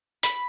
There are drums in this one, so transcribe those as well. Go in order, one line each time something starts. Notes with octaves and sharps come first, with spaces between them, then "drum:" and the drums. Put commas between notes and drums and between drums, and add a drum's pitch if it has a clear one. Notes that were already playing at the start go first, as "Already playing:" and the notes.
B5, drum: hi-hat